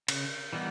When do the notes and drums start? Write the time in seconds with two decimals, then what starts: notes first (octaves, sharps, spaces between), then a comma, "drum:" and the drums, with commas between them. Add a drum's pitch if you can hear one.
0.08 C#3, drum: cymbal
0.53 E3 G3 B3 D#4